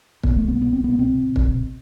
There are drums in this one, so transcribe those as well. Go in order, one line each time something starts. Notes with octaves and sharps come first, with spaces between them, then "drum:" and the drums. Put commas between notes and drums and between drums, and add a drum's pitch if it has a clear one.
B2 B3, drum: kick
A3
C2
B3
B2 B3
C4
C2 B3
B2 C4
B2
B2, drum: kick
B2